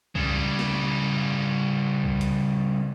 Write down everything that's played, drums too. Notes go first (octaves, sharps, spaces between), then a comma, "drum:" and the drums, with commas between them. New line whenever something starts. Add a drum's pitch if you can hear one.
C#3 G3, drum: kick C2
drum: snare
drum: kick C2
drum: hi-hat